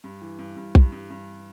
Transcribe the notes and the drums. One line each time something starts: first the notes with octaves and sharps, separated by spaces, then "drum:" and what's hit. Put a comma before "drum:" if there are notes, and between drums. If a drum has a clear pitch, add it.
G2
E3
G2
G2
G2, drum: kick
G2
G2